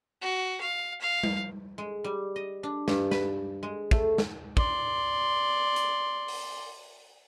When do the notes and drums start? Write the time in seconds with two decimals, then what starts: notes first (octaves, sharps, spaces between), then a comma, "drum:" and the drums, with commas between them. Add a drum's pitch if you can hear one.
0.22 F#4
0.61 F5
1.02 F5
1.23 drum: tom G3
1.78 G#3
2.04 G3
2.36 D#5
2.63 D4
2.88 G2, drum: snare
3.11 B4, drum: snare
3.63 G#3
3.91 A3, drum: kick
4.18 drum: snare
4.57 D5 C6, drum: kick
5.76 drum: hi-hat
6.28 drum: open hi-hat